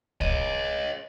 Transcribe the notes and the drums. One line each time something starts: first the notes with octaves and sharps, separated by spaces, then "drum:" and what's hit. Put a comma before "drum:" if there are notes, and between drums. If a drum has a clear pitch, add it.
C#5 D#5, drum: kick